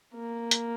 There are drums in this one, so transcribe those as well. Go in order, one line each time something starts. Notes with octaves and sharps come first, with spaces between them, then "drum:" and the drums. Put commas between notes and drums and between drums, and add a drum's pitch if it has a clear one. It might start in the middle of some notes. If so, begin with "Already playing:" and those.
A#3
drum: hi-hat